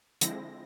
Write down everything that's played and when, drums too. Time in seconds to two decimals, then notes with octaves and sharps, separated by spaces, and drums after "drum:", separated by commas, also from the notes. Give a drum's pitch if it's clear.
0.21 D3 F3 G#3 C4 E4 A#6, drum: hi-hat